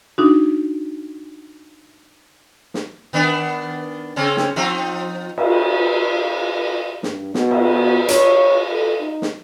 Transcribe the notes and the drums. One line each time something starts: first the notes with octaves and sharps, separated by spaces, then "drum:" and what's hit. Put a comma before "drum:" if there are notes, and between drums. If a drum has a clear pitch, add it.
D4 D#4 F#4
drum: snare
D#3 B3 D4
C#3 C4 C#4
drum: snare
F3 C4 D#4
drum: cymbal
G2, drum: snare
B2, drum: snare
drum: cymbal
B2
C#5, drum: hi-hat
A4
D#4
drum: snare